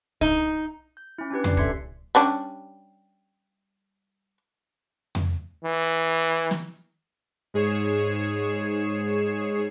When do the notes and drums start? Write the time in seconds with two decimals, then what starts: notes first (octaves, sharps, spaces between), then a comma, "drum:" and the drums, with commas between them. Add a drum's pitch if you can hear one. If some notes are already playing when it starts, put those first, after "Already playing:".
0.21 D#4, drum: kick
0.97 G6
1.18 C#4 E4
1.30 C#4 D4 G4 B4
1.44 D5 C7, drum: tom F2
1.57 A4 E5 C6 G#6 C#7, drum: kick
2.15 G3 C#4 D4
5.15 drum: tom F2
5.64 E3
6.51 drum: snare
7.54 G#2 G#4 C#5 C7 E7